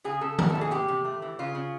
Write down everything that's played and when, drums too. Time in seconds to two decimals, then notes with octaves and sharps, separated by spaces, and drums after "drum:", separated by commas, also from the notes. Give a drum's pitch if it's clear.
0.04 C#3 G#4
0.21 C#3 A4
0.39 G3 A#4, drum: tom D#3
0.50 A4
0.55 E3
0.61 G#4
0.71 C3 G4
0.88 C3
1.05 A3
1.22 E3
1.39 C#3 F4
1.55 C#3